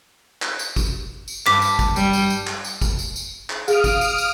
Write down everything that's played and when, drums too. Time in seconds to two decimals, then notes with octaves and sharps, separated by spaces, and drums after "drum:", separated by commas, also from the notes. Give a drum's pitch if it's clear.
0.42 drum: clap
0.59 drum: tambourine
0.76 drum: kick, tambourine
1.28 drum: tambourine
1.46 G2 D6 B6, drum: clap
1.62 drum: tambourine
1.79 drum: kick, tambourine
1.96 G3, drum: tambourine
2.13 drum: tambourine
2.30 drum: tambourine
2.47 drum: clap
2.64 drum: tambourine
2.82 drum: kick, tambourine
2.99 drum: tambourine
3.16 drum: tambourine
3.50 drum: clap
3.68 G#4 F5 D#6 F6 D7, drum: tambourine
3.84 drum: kick, tambourine
4.01 drum: tambourine
4.18 drum: tambourine